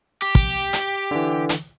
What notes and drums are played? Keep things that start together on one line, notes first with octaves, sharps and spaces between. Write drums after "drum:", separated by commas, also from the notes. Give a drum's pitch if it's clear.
G4
drum: kick
drum: hi-hat
D3 E3
drum: hi-hat